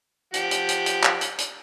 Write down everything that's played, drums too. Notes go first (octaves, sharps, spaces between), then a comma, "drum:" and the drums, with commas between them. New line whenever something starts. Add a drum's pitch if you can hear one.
F3 G4 F#5, drum: hi-hat
drum: hi-hat
drum: hi-hat
drum: hi-hat
drum: clap
drum: hi-hat
drum: hi-hat